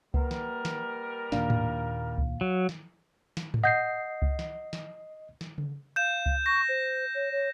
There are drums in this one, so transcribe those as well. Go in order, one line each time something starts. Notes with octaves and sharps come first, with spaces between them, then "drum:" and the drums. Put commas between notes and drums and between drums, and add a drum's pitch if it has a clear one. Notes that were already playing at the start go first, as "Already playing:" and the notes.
G3 A#3 A#4 B4 F#5, drum: kick C#2
drum: snare
drum: snare
D#2 A#2 D4 F5, drum: snare
drum: tom G#2
drum: kick C#2
F#3
drum: snare
drum: snare
drum: tom G#2
D#5 F#5 G6 C7
drum: kick C#2
drum: snare
drum: snare
drum: snare
drum: tom C#3
F5 G6 E7
drum: kick C#2
C#6 A#6
C5
C#5
C#5